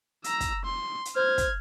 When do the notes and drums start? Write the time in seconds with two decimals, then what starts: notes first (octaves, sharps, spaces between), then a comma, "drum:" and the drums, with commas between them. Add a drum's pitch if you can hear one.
0.24 A#5 E6, drum: hi-hat
0.40 drum: kick, hi-hat
0.65 C6
1.05 drum: hi-hat
1.16 C5 F6 G#6
1.38 drum: kick, hi-hat